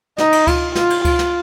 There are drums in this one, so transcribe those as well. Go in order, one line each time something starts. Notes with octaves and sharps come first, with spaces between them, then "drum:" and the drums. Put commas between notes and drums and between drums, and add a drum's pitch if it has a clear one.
D#4, drum: snare
drum: cymbal
F4, drum: kick C#2, cymbal
F4, drum: snare
drum: cymbal
F4, drum: kick C#2, cymbal
drum: snare